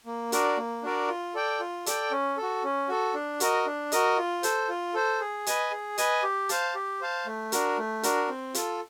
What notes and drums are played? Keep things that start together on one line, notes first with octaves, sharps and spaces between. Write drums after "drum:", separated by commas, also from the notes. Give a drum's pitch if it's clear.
A#3
D4 F#4 A#4 D5, drum: hi-hat
A#3
D4 F#4 A#4 D5
F4
A4 D5 G5
F4
A4 D5 G5, drum: hi-hat
C#4
F#4 A4
C#4
F#4 A4
D4
F#4 A#4 D#5, drum: hi-hat
D4
F#4 A#4 D#5, drum: hi-hat
F4
A4 C5, drum: hi-hat
F4
A4 C5
G#4
B4 D#5 G#5, drum: hi-hat
G#4
B4 D#5 G#5, drum: hi-hat
G4
C5 F5 A5, drum: hi-hat
G4
C5 F5 A5
A3
D4 F#4 A#4, drum: hi-hat
A3
D4 F#4 A#4, drum: hi-hat
C4
F4 A4, drum: hi-hat